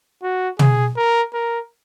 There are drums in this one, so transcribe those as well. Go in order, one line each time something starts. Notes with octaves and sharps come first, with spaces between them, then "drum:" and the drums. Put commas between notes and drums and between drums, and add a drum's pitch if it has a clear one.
F#4
G#4, drum: tom
A#4
A#4